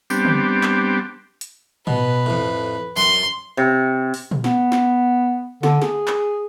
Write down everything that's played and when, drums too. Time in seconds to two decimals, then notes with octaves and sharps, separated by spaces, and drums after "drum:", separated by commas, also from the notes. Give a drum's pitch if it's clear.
0.10 G3 B3 C4 D4 G4, drum: tambourine
0.25 drum: tom
0.63 drum: clap
1.41 drum: hi-hat
1.87 B2 B4, drum: tom A2
2.26 F2 A2
2.97 F#2 C6, drum: tambourine
3.57 C3
4.14 drum: open hi-hat
4.31 drum: tom A#2
4.44 B3, drum: snare
4.72 drum: snare
5.63 D3, drum: snare
5.82 G#4, drum: snare
6.08 drum: clap